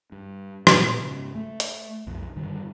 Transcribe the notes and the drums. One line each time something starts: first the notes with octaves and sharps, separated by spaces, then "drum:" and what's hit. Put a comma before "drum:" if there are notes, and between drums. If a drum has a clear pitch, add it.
G2
A#2 B3, drum: rim click
G#2 C#3
A3
drum: hi-hat
B1 F2
G2 D3 D#3 G3